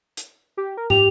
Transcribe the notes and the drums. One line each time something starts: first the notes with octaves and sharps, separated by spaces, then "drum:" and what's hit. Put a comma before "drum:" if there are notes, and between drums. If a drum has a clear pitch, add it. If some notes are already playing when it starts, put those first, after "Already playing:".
drum: hi-hat
G4
A#4
G4 F7, drum: tom